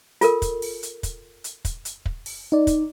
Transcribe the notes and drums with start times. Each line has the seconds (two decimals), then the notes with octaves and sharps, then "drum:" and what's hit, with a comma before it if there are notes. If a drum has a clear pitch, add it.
0.21 F4 A4 A#4, drum: hi-hat
0.42 drum: kick, hi-hat
0.62 drum: open hi-hat
0.83 drum: hi-hat
1.03 drum: kick, hi-hat
1.44 drum: hi-hat
1.65 drum: kick, hi-hat
1.85 drum: hi-hat
2.06 drum: kick
2.26 drum: open hi-hat
2.52 D#4 D5
2.67 drum: kick, hi-hat